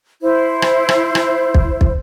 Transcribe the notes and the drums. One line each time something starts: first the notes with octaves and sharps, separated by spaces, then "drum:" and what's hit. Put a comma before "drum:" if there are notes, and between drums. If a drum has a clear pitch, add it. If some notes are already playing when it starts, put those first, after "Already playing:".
E4 C5
drum: rim click
drum: rim click
drum: rim click
drum: kick
drum: kick